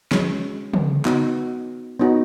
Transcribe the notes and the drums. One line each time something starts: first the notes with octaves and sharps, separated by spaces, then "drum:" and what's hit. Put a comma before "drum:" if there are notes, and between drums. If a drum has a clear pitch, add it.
G#3 C#4 F#4, drum: snare
drum: tom
B3 D#4 F#4, drum: clap
B3 D#4 F#4